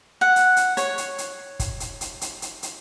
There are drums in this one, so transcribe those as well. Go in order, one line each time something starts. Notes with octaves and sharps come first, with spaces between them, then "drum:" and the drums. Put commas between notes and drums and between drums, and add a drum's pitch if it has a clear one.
F#5
drum: hi-hat
drum: hi-hat
C#5, drum: hi-hat
drum: hi-hat
drum: hi-hat
drum: kick, hi-hat
drum: hi-hat
drum: hi-hat
drum: hi-hat
drum: hi-hat
drum: hi-hat